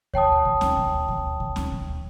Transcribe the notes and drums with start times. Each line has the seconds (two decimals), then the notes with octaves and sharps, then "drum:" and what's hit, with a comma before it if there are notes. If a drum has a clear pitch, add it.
0.14 C#5 G5 A5 D#6, drum: kick D2
0.45 drum: kick D2
0.61 drum: snare
0.77 drum: kick D2
1.08 drum: kick D2
1.40 drum: kick D2
1.56 drum: snare
1.72 drum: kick D2